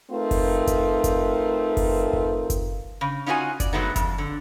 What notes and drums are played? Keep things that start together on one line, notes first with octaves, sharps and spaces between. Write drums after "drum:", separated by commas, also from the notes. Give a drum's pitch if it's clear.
A3 C4 D#4 F4 A#4 B4
drum: kick F#1, open hi-hat
drum: kick F#1, hi-hat
drum: kick F#1, hi-hat
drum: kick F#1, open hi-hat
drum: kick F#1
drum: kick F#1, hi-hat
C#3
C#4 D#4 F4 F#4 C5 G#5
D5, drum: kick F#1, hi-hat
F#3 G#3 A3 B3 D#4
F2, drum: kick F#1, hi-hat
D3